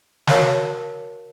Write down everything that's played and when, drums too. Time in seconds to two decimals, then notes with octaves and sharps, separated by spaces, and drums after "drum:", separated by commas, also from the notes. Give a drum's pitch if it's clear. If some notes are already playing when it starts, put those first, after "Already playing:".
0.27 F#4 A#4 C#5 F5 A5, drum: snare